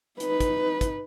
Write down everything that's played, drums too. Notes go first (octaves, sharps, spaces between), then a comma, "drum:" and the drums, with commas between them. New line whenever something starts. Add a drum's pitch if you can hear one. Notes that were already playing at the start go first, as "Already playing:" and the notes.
D#4 B4, drum: hi-hat
drum: kick, hi-hat
drum: kick, hi-hat